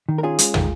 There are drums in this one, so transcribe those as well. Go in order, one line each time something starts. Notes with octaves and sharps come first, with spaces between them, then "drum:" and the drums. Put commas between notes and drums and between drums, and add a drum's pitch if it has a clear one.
D#3
A#4
C#4 F4 G#4
G#3, drum: hi-hat
D#3, drum: tom